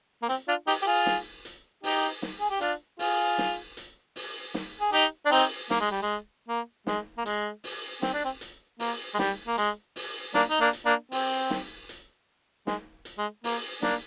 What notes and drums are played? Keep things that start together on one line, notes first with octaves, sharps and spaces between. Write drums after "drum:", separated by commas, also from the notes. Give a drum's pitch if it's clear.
A#3
C4, drum: hi-hat
D4 F4
D#4 G4, drum: open hi-hat
G4
F4 G#4
drum: snare
drum: hi-hat
D#4 G4, drum: open hi-hat
drum: snare
G#4
G4
D4 F4, drum: hi-hat
F4 G#4, drum: open hi-hat
drum: snare
drum: hi-hat
drum: open hi-hat
drum: snare
G#4
D#4 G4, drum: hi-hat
D4
C4 D#4, drum: open hi-hat
A#3, drum: snare
G#3
G3
G#3
A#3
G#3, drum: snare
A#3
G#3, drum: hi-hat
drum: open hi-hat
C4, drum: snare
D4
C4
drum: hi-hat
A#3, drum: open hi-hat
G#3
G3, drum: snare
A#3
G#3, drum: hi-hat
drum: open hi-hat
A#3 D4, drum: snare
D#4
A#3 D4
drum: hi-hat
A#3 D4
C4, drum: open hi-hat
drum: snare
drum: hi-hat
G#3, drum: snare
drum: hi-hat
G#3
A#3, drum: open hi-hat
A#3 D4, drum: snare